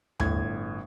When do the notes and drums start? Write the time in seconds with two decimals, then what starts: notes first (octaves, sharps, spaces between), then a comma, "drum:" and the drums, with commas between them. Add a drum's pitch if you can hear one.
0.20 G1 A2 G#6, drum: tom D#2